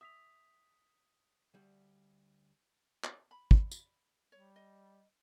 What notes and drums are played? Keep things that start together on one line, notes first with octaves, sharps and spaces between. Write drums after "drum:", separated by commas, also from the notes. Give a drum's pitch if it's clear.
E5 D#6 B6 F7
D2 G3
drum: clap
B5
drum: kick
drum: tambourine
G3 C#5
D#5